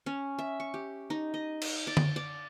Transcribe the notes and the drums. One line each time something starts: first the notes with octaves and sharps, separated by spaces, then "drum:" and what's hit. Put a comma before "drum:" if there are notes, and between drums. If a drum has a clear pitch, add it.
C#4
E5
C#6
G4
D#4
D#5
drum: cymbal
D5
drum: tom D3
D5